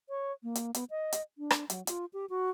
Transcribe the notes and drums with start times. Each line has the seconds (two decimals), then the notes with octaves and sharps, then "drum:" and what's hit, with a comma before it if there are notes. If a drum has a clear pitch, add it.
0.09 C#5
0.43 A#3
0.55 drum: hi-hat
0.74 B3, drum: hi-hat
0.90 D#5
1.12 drum: hi-hat
1.38 D4
1.51 drum: rim click
1.70 F#3, drum: hi-hat
1.87 F4, drum: hi-hat
2.13 G4
2.30 F#4